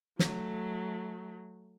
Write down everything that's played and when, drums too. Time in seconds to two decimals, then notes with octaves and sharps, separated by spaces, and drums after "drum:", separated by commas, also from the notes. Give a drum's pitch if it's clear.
0.19 F#3 A3, drum: snare